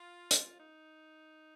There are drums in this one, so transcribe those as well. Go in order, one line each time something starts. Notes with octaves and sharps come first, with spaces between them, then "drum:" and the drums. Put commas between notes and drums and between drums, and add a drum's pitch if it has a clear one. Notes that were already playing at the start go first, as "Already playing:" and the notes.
Already playing: F4
drum: hi-hat
D#4